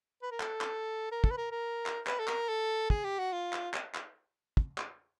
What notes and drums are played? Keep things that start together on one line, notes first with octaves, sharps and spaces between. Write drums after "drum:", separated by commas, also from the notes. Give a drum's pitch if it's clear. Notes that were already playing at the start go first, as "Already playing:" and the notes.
B4
A#4
A4, drum: clap
drum: clap
A#4
A4, drum: kick
B4
A#4
A#4
drum: clap
B4, drum: clap
A4
A#4, drum: clap
A4
G#4, drum: kick
G4
F#4
F4
drum: clap
drum: clap
drum: clap
drum: kick
drum: clap